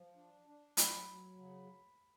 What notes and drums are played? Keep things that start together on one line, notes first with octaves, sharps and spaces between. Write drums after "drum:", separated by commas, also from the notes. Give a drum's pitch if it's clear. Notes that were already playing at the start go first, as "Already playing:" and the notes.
Already playing: F3
D4
D4
F#3 B5, drum: hi-hat
F#3
C#3